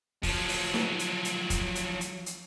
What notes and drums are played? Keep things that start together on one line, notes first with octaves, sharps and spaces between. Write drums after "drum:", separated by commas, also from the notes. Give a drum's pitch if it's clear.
F3 F#3, drum: kick, open hi-hat
drum: open hi-hat
drum: snare
drum: hi-hat
drum: hi-hat
drum: kick, hi-hat
drum: hi-hat
drum: hi-hat
drum: hi-hat